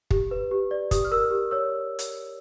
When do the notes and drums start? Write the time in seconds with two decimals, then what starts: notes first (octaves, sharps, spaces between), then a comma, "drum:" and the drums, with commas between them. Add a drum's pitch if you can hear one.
0.11 G4, drum: kick
0.31 B4
0.51 G4
0.71 D5
0.91 G4 D#6, drum: kick, hi-hat
1.05 F6
1.12 A#4 E6
1.31 G4
1.51 C#5 E6
1.99 drum: hi-hat